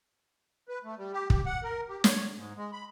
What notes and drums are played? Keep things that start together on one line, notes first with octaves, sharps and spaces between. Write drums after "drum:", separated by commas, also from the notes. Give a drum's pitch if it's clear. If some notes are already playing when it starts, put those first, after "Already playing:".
B4
A3
G3
G4
G4, drum: kick
F#5
A#4
G4
C#5, drum: snare
G#2
G#3
B5